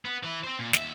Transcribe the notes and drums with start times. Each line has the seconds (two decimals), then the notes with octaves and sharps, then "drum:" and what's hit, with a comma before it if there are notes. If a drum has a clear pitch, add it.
0.05 B3
0.23 E3 E4
0.44 C4 C5
0.59 A#2
0.73 D#2 E5, drum: snare